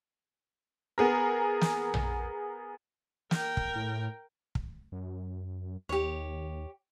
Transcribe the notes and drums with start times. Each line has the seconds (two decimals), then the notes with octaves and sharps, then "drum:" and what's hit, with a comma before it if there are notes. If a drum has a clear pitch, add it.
0.98 B3 G#4 A#4
1.61 drum: snare
1.94 drum: tom A#1
3.31 A#4 G5, drum: snare
3.57 drum: kick
3.75 A2
4.55 drum: kick
4.92 F#2
5.89 D#2 G4 C#5